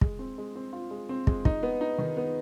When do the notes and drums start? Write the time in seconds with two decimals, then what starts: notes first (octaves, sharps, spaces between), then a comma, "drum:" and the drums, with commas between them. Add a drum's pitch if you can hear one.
0.01 G#3, drum: kick
0.19 C4
0.38 G#3
0.55 C4
0.73 F4
0.91 G#3
1.09 C4
1.27 G#3, drum: kick
1.45 D#4, drum: kick
1.63 B3
1.81 D#4
1.98 D#3
2.17 B3